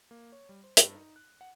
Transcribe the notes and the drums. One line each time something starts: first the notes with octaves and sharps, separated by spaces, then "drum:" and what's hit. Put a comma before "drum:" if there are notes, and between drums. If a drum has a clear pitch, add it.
A#3
C#5
G3
C5
G2, drum: hi-hat
D#4
F#6
F#5